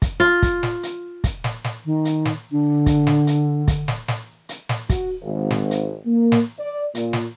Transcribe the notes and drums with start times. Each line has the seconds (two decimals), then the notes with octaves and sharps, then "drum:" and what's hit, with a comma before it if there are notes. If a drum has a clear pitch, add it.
0.02 drum: kick, hi-hat
0.20 F4
0.42 drum: kick, hi-hat
0.63 drum: snare
0.83 drum: hi-hat
1.24 drum: kick, hi-hat
1.44 drum: snare
1.64 drum: snare
1.85 D#3
2.05 drum: hi-hat
2.25 drum: snare
2.52 D3 D4
2.86 drum: kick, hi-hat
3.07 drum: snare
3.27 drum: hi-hat
3.68 drum: kick, hi-hat
3.88 drum: snare
4.08 drum: snare
4.49 drum: hi-hat
4.69 drum: snare
4.90 F#4, drum: kick, hi-hat
5.22 G#1
5.50 drum: snare
5.71 drum: hi-hat
6.06 A#3
6.32 drum: snare
6.59 D5
6.95 A#2, drum: hi-hat
7.13 drum: snare